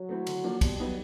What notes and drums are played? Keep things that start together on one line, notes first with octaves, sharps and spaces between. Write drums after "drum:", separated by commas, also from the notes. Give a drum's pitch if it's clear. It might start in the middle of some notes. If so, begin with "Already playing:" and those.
Already playing: F#3
A3 C4 E4
D3, drum: cymbal
F3 A#3 D4
B2 G3, drum: kick, cymbal
F#3 B3 D#4